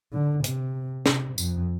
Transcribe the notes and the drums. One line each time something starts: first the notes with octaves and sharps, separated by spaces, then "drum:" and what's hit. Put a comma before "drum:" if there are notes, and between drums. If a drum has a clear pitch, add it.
D3
C3, drum: hi-hat
C3, drum: snare
F2, drum: tambourine